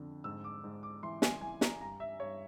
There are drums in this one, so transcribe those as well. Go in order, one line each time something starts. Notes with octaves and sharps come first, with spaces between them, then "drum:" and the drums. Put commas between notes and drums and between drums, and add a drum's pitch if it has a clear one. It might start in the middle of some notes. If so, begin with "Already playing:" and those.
Already playing: F2 D3
G#2 E6
D6
G#2
D6
E3 C6
G#5, drum: snare
E3 G#5
A#5, drum: snare
G2 A#5
E5
G2 C#5